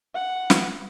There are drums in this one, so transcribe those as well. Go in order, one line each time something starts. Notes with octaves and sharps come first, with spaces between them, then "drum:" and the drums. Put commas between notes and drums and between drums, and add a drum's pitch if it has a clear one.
F#5
drum: snare